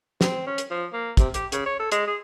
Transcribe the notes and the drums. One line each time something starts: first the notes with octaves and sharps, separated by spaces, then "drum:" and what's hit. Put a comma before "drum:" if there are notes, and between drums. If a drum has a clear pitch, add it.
C4, drum: snare
C#4
drum: hi-hat
F3
A#3
C3, drum: kick, hi-hat
G4, drum: hi-hat
C#3, drum: hi-hat
C#5
A4
G#3, drum: hi-hat
G#4